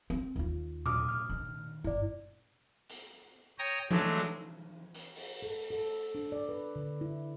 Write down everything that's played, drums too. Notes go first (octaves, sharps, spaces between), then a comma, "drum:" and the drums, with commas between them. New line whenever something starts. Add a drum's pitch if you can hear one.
C4
D#2 F4
D6 D#6 F6, drum: tom A#2
F6
D#3
G1 E4 D5
drum: hi-hat
C#5 G5 A#5 D#6
F#3 G#3 A3 D4, drum: tom E3
drum: hi-hat
drum: open hi-hat
A4
A4
D4
D5
B4
D3
E4